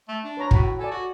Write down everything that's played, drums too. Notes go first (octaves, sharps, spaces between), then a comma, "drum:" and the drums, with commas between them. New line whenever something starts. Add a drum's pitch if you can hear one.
A3
D4
B4 C#5 A#5
A2 F#4 B5, drum: kick
A4 D5 G#5
F#4